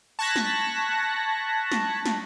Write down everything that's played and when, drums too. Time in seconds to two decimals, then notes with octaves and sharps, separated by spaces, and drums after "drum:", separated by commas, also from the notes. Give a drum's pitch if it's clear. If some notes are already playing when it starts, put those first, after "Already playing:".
0.19 A5 C#6 F#6 G#6 A#6 B6
0.36 drum: snare
1.72 drum: snare
2.06 drum: snare